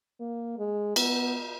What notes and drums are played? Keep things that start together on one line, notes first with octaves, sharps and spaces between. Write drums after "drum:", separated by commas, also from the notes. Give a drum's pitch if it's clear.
A#3
G#3
B3, drum: cymbal